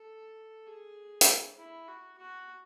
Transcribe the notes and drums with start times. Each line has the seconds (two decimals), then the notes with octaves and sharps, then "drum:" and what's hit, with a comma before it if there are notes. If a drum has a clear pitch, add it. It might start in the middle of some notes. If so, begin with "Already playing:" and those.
Already playing: A4
0.67 G#4
1.21 drum: hi-hat
1.57 E4
1.88 F#4
2.17 F#4